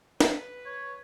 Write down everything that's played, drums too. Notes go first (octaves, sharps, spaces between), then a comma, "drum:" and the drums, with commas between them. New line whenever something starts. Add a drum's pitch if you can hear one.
B4, drum: snare
C#5